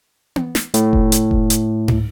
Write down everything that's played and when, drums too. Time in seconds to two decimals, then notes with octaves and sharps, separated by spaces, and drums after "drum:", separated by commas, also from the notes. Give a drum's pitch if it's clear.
0.36 drum: tom B3
0.55 drum: snare
0.74 A2, drum: hi-hat
0.93 drum: kick F1
1.12 drum: hi-hat
1.31 drum: kick F1
1.50 drum: hi-hat
1.88 drum: tom